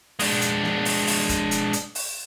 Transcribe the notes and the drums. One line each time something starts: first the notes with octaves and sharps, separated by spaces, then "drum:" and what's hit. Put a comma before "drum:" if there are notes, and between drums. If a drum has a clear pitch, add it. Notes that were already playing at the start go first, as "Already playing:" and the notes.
G#3 D4, drum: open hi-hat
drum: hi-hat
drum: snare
drum: open hi-hat
drum: open hi-hat
drum: kick, hi-hat
drum: hi-hat
drum: hi-hat
drum: open hi-hat